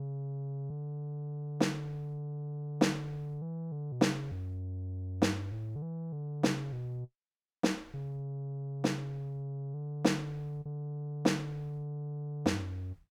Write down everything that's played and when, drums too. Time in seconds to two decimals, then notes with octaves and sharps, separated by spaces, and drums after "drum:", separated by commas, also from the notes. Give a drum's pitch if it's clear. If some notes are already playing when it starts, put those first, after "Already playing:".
Already playing: C#3
0.70 D3
1.60 drum: snare
2.81 drum: snare
3.42 E3
3.72 D3
3.92 B2
4.01 C#3, drum: snare
4.31 F#2
5.22 G2, drum: snare
5.52 A2
5.76 D3
5.82 E3
6.12 D3
6.43 C#3, drum: snare
6.72 B2
7.63 drum: snare
7.94 C#3
8.84 drum: snare
9.74 D3
10.04 drum: snare
10.65 D3
11.25 drum: snare
12.46 F#2, drum: snare
12.53 G2
12.61 F#2